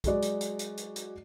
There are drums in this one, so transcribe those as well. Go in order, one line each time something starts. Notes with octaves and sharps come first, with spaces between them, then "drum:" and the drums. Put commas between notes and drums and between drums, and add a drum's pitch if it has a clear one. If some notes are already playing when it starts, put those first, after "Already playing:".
F#3 G#3 F#4 D5, drum: kick B1, hi-hat
drum: hi-hat
drum: hi-hat
drum: hi-hat
drum: hi-hat
drum: hi-hat